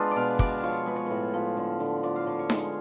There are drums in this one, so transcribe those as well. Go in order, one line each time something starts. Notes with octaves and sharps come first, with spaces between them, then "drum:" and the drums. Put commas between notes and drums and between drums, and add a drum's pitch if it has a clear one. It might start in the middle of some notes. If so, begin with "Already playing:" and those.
Already playing: G#3 B3 D4 F4 B4
D5
B2 F5
B2 D5, drum: kick
F3 C#5
G#3 B4
C#5
A2 B4
F3
D3
D3
F3 D5
F5
D3 C#5
C#5
G#3 C#5, drum: snare D#4